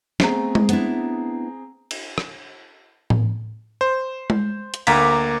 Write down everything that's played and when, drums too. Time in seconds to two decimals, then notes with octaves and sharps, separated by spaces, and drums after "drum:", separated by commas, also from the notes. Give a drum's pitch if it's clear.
0.20 A3 B3 C4 G#4 A#5, drum: snare
0.55 drum: tom G#3
0.69 B3 D4 E4, drum: hi-hat
1.91 drum: cymbal
2.18 drum: rim click
3.10 drum: tom A2
3.81 C5
4.30 drum: tom G#3
4.74 drum: hi-hat
4.87 D2 A#3 A#5 B6, drum: cymbal